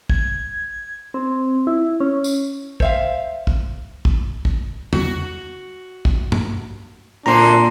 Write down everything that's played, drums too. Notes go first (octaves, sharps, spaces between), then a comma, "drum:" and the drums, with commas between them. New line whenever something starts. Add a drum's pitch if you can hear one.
G#6, drum: kick
C4
E4
C#4
drum: tambourine
C5 E5 F5, drum: kick
drum: kick
drum: kick
drum: kick
F#4, drum: tom
drum: kick
drum: tom
F#2 A#2 D3 C4 D4 A#5 C6